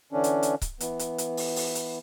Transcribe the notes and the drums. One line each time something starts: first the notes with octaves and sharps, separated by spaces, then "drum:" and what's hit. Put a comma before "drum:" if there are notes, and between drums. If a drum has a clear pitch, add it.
D3 E3 C#4 D4
drum: hi-hat
drum: hi-hat
drum: kick C#1, hi-hat
E3 B3, drum: hi-hat
drum: hi-hat
drum: hi-hat
drum: open hi-hat
drum: open hi-hat
drum: hi-hat